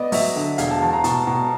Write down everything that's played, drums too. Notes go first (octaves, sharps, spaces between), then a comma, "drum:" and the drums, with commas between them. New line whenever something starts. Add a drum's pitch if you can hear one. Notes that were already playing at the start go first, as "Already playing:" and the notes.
Already playing: B3 D5 D#5
F#3 E5, drum: open hi-hat
D3
E1 F5, drum: hi-hat
A5
E2 A5
A#5
B2 A5, drum: hi-hat
B2 A#5